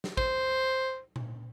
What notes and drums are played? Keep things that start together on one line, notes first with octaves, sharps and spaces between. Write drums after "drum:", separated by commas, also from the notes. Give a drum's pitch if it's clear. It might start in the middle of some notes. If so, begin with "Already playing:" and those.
drum: snare
C5, drum: kick
drum: tom A#2